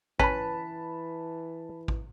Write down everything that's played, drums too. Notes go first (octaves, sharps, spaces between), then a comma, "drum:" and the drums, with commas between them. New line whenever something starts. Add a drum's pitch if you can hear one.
E3 C#4 B4 A5 B5, drum: kick A1
drum: kick A1